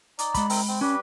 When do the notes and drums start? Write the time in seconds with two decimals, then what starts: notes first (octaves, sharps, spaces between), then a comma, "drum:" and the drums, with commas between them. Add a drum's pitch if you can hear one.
0.19 D#4 D5, drum: hi-hat
0.34 G#3 B5, drum: kick, hi-hat
0.50 C4 E4 A#4, drum: open hi-hat
0.68 C4
0.81 G3 C#4 B4